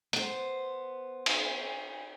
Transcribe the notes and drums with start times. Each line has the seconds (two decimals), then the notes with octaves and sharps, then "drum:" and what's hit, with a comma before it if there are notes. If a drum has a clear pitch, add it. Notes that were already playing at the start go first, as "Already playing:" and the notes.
0.13 B3 C5, drum: hi-hat
1.26 drum: cymbal